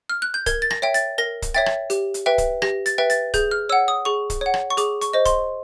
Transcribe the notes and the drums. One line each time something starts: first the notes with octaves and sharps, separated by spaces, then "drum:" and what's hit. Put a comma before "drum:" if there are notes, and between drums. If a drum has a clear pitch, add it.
F6
F#6
G6
A#4 G#6, drum: kick, hi-hat
A6
A#6, drum: rim click
C#5 E5 G5
A6, drum: hi-hat
A#4 A#6
drum: kick, hi-hat
C#5 E5 G5 A6
drum: rim click
G4, drum: hi-hat
drum: hi-hat
B4 E5 G5
drum: kick, hi-hat
G4 A#6, drum: rim click
A6, drum: hi-hat
B4 E5 G5
A6, drum: hi-hat
G#4 G6, drum: kick, hi-hat
F6
C#5 F#5 E6
D#6
G#4 C#6
drum: kick, hi-hat
C#5 F#5
drum: rim click
C#6
G#4 D6, drum: hi-hat
C#6, drum: hi-hat
C5 D#5
C6, drum: kick, hi-hat